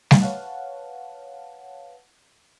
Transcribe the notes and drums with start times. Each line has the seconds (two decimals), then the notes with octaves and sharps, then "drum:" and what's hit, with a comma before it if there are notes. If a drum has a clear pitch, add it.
0.11 drum: snare G3
0.22 B4 C#5 F5 F#5 A5